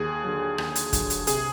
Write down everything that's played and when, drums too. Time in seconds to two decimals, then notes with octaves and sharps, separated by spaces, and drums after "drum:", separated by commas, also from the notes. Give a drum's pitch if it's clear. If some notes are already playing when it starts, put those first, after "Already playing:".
Already playing: D#2 G#4
0.24 D3 F#3
0.58 D#2, drum: rim click
0.75 drum: hi-hat
0.93 D3 F#3, drum: kick, hi-hat
1.10 drum: hi-hat
1.27 C3 G#4, drum: hi-hat